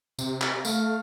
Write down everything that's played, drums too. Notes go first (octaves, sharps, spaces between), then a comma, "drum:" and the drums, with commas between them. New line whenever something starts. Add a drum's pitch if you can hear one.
C3, drum: tambourine
drum: clap
A3 F5, drum: tambourine